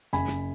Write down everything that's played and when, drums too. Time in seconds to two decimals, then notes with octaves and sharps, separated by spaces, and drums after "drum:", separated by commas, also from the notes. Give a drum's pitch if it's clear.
0.13 F#1 G#5 B5, drum: snare
0.28 drum: snare